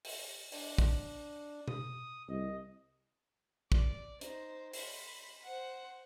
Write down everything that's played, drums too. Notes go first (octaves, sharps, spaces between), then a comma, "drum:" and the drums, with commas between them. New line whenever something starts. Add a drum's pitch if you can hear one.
drum: open hi-hat
D4, drum: open hi-hat
drum: kick
D#6, drum: tom B2
C2 D#5
D5, drum: kick
D#4 C5, drum: hi-hat
B5 C6, drum: open hi-hat
C5 F#5